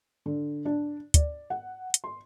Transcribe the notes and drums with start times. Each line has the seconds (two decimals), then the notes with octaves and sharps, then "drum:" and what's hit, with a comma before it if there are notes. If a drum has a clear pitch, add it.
0.26 D3
0.65 D4
1.14 D5, drum: kick, hi-hat
1.50 F#5
1.94 drum: hi-hat
2.04 C6